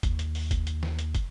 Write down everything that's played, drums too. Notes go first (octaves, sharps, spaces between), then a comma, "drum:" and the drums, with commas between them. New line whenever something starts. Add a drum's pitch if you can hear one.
D#2, drum: kick, hi-hat
drum: hi-hat
drum: open hi-hat
drum: kick, hi-hat
drum: hi-hat
drum: snare
drum: hi-hat
drum: kick, hi-hat